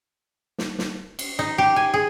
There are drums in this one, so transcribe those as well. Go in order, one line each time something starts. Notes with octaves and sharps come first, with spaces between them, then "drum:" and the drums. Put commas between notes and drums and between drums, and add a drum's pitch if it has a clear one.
drum: snare
drum: snare
drum: cymbal
D#4
G4
G#5
G#4